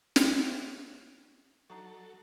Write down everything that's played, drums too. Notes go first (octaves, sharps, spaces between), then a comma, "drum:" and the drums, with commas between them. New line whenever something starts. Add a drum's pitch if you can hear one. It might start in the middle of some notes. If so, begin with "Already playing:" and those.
drum: snare
C#5 E5 F#5
F#3 D4 D#4 F#4 A4